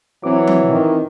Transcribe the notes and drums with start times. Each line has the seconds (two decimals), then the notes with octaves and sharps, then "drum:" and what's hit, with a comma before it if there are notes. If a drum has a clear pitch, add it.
0.24 E3 F#3 C4 D6
0.47 drum: tom F3
0.70 D#3